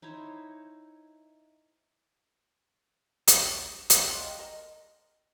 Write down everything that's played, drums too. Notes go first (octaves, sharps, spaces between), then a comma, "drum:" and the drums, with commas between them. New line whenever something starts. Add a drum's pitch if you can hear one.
D#4 E4 C5 C#5
D3, drum: hi-hat
drum: hi-hat
G#3 F5 G5
A#4 D#5